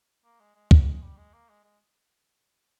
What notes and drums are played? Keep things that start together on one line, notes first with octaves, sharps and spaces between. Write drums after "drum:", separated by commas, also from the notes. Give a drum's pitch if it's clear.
A#3
G#3
G#3
G3, drum: kick
G#3
G3
G#3
A#3
G#3
G#3